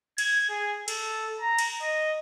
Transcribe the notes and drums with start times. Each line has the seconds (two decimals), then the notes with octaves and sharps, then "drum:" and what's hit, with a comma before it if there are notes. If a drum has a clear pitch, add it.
0.18 G#6, drum: cymbal
0.49 G#4
0.88 A4, drum: cymbal
1.40 A#5
1.59 drum: cymbal
1.82 D#5